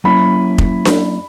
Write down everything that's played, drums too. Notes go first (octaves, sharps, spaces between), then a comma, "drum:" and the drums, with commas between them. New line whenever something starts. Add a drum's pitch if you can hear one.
F#3 A#3 C#4 E4 B5
drum: kick F1
drum: snare D4